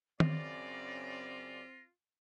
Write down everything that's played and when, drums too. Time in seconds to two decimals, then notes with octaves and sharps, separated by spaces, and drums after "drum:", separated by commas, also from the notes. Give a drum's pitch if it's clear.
0.20 F#2 C#3 C4 F4 D5 A#6, drum: tom D#3